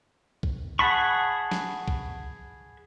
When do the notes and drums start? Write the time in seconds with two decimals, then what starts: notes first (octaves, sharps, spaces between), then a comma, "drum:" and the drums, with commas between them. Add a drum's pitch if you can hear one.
0.43 drum: kick B1
0.79 G#4 F#5 A5 B5 C#6
1.51 drum: snare
1.88 drum: kick B1